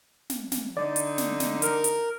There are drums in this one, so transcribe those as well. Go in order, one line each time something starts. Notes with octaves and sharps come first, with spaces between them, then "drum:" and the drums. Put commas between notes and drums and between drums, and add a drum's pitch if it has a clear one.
drum: snare
drum: snare
D3 D#4 D5
drum: hi-hat
drum: snare
drum: snare
A#4, drum: hi-hat
drum: hi-hat